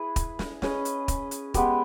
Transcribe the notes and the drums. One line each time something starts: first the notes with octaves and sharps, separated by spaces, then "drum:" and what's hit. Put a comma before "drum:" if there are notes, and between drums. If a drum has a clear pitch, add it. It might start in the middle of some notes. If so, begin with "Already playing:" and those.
Already playing: E4 G#4 B4
drum: kick, hi-hat
drum: snare
C#4 G#4 B4 D#5, drum: snare
drum: hi-hat
drum: kick, hi-hat
drum: hi-hat
G#3 B3 G4 B4, drum: kick, hi-hat